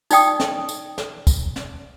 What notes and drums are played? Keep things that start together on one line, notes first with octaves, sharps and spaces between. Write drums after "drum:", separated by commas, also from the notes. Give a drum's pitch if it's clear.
D#4 D5 G5 D#6, drum: tambourine
drum: snare
drum: tambourine
drum: snare
drum: kick, tambourine
drum: snare